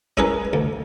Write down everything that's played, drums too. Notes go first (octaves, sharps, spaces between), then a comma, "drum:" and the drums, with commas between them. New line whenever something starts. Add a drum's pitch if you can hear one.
C#4 E4 G#4 A#4 B4, drum: kick
D2